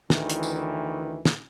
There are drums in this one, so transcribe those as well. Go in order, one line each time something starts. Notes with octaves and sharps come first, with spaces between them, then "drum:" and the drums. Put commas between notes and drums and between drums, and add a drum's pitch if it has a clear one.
D2 D#3 E3, drum: snare
drum: hi-hat
drum: tambourine
drum: snare